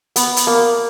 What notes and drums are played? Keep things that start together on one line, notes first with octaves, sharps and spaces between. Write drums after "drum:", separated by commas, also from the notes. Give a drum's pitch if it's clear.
B3, drum: hi-hat
drum: hi-hat
A#3